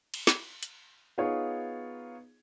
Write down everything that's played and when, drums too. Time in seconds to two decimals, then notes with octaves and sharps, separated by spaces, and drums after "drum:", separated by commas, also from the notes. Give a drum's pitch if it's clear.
0.14 drum: cymbal
0.27 drum: snare
0.63 drum: hi-hat
1.18 B3 D#4 F4 G#4 C#5